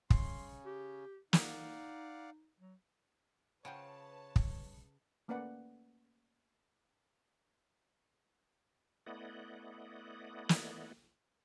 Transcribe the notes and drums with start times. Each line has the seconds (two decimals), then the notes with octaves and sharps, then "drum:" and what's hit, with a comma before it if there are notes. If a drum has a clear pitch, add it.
0.10 C#3 C#4 C6, drum: kick
0.66 G4
1.33 D#4 D5 F5 F#5, drum: snare
2.60 F#3
3.65 C#3 F3 B4 C#5 F#5 G5 A5
4.36 drum: kick
5.28 A3 A#3 C#4 B4 D5 F#5
9.06 A3 B3 E4 D5 D#5 F#5
10.49 drum: snare